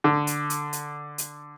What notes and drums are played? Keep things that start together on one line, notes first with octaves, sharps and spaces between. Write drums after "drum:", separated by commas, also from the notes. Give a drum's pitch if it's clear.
D3
drum: hi-hat
drum: hi-hat
drum: hi-hat
drum: hi-hat